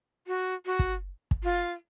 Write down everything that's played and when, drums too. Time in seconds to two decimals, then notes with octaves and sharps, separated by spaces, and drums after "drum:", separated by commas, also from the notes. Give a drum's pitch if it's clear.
0.27 F#4
0.66 F#4
0.79 drum: kick
1.31 drum: kick
1.44 F4